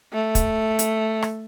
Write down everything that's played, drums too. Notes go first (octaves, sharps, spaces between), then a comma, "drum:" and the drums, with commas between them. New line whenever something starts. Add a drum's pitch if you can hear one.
A3
drum: kick, hi-hat
drum: hi-hat
drum: rim click